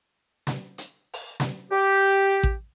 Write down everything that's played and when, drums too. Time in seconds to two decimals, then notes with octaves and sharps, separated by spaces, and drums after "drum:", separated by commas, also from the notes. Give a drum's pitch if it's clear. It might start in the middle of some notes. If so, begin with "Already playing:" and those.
0.47 drum: snare
0.78 drum: hi-hat
1.14 drum: open hi-hat
1.40 drum: snare
1.72 G4
2.43 drum: kick A1